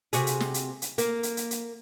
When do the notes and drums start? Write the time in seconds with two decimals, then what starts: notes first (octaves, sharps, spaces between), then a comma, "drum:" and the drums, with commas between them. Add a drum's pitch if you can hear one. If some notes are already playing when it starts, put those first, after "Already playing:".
0.13 C3 F#4 G#4, drum: hi-hat
0.27 drum: hi-hat
0.40 drum: snare
0.54 drum: hi-hat
0.82 drum: hi-hat
0.98 A#3, drum: hi-hat
1.23 drum: hi-hat
1.37 drum: hi-hat
1.51 drum: hi-hat